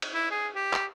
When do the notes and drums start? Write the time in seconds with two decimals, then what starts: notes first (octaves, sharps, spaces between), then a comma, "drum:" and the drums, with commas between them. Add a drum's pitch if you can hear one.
0.02 drum: cymbal
0.14 E4
0.31 G#4
0.55 G4
0.73 drum: clap